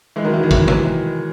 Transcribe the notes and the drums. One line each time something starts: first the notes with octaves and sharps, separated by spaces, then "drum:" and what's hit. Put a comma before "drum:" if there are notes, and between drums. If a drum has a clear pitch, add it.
E3 G#3
D#3 F#3
E3
D#3
E3, drum: kick
drum: tom